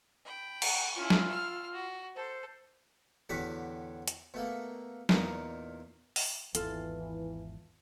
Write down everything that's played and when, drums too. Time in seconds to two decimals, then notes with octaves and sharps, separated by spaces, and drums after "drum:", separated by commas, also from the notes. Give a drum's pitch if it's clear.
0.25 G5 B5
0.62 F#5, drum: cymbal
0.96 C#4 E4 F4
1.10 drum: snare
1.30 E6 F6
1.73 F#4
2.16 A4 C5
3.29 E2 A2 D3 F#4 G4 B5
4.08 drum: hi-hat
4.34 B2 A3 A#3
5.09 E2 A#2 D#4 A#4, drum: snare
6.16 drum: open hi-hat
6.55 G#1 E2 E3 F4 A4, drum: hi-hat